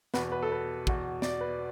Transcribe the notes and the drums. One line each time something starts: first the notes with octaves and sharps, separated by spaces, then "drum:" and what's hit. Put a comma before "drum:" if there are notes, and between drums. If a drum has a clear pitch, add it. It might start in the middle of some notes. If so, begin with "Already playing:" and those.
E2 B2 B4, drum: snare
B4
A4
B4
E2 B2, drum: kick
D5, drum: snare
B4